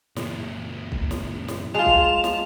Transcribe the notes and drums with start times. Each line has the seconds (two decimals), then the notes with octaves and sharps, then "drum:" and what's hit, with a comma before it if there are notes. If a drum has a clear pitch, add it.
0.16 F#2 A#2, drum: snare
0.92 drum: kick B1
1.11 drum: snare
1.48 drum: snare
1.75 G#3 F4 A5 F7
1.86 drum: kick B1
2.24 drum: snare